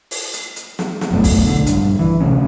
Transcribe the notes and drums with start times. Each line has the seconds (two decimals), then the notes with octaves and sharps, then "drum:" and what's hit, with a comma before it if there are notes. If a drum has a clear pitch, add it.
0.11 drum: open hi-hat
0.34 drum: hi-hat
0.56 drum: hi-hat
0.79 drum: snare
1.01 drum: snare
1.11 F#1 F#2 B2 A3
1.24 drum: kick B1, open hi-hat
1.46 D3
1.67 A#1 G2, drum: hi-hat
1.99 E3
2.20 D#1 D2 C3 C#4